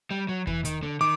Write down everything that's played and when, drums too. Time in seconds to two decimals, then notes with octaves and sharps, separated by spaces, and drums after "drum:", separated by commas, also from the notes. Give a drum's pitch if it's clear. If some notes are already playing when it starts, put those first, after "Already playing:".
0.11 G3
0.28 F#3
0.47 E3, drum: kick E2
0.65 D#3, drum: hi-hat
0.83 D3
1.01 D#3 D6